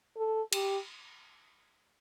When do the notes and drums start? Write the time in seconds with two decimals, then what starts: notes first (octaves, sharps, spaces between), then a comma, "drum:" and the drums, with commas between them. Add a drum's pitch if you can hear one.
0.17 A4
0.53 G4, drum: cymbal